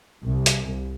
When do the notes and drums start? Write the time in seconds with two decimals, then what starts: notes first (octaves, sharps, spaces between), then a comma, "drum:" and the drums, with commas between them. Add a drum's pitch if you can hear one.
0.24 C2
0.46 drum: hi-hat